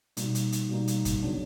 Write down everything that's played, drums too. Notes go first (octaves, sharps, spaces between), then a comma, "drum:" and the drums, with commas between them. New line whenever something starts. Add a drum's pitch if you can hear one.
B2 G3 A#3 D#4, drum: hi-hat
drum: hi-hat
drum: hi-hat
B2 G3 A#3 D#4
drum: hi-hat
drum: kick, hi-hat
C#3 F#3 B3 D4